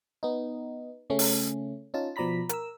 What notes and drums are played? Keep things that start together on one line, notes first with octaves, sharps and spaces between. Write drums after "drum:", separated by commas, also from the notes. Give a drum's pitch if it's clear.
B3 D#4
C#3 A3 C#4
drum: open hi-hat
C#4 D#4 F4 A5
B2 F3 D5 A#5 B5 B6
A#4 E6, drum: hi-hat